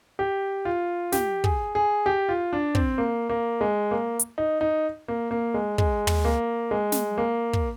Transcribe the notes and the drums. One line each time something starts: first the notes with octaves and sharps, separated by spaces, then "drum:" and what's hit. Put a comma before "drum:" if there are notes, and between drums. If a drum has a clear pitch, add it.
G4
F4
G4, drum: snare
G#4, drum: kick
G#4
G4
F4
D4
C4, drum: kick
A#3
A#3
G#3
A#3
drum: hi-hat
D#4
D#4
A#3
A#3
G#3
G#3, drum: kick
drum: tom
A#3
G#3
drum: snare
A#3
drum: kick